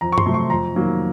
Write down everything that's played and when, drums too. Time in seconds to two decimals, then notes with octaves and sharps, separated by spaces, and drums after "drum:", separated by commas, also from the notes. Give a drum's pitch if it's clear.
0.01 F2 A#5
0.12 C#6
0.18 C6, drum: tom G2
0.26 C3 F#3 A3
0.34 C#6
0.50 F2 A#5
0.76 D#3 F#3 A#3